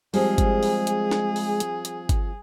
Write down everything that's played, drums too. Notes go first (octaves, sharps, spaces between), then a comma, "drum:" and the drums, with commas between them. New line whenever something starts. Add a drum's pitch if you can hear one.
F3 G3 G#3 C4 G#4, drum: open hi-hat
drum: kick G1, hi-hat
drum: open hi-hat
drum: hi-hat
drum: snare
drum: open hi-hat
drum: hi-hat
drum: hi-hat
drum: kick G1, hi-hat